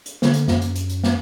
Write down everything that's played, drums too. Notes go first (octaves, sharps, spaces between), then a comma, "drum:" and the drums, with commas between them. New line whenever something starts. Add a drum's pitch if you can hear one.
drum: hi-hat
D3, drum: snare
drum: hi-hat
F#2, drum: snare
drum: hi-hat
drum: hi-hat
drum: hi-hat
drum: snare